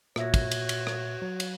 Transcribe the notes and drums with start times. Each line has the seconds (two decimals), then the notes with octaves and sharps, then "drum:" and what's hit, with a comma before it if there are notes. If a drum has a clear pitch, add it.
0.16 A#2 F#4 C#5 E5 A#6, drum: rim click
0.34 drum: kick, cymbal
0.51 drum: cymbal
0.69 drum: cymbal
0.87 drum: rim click
1.22 F#3
1.40 drum: cymbal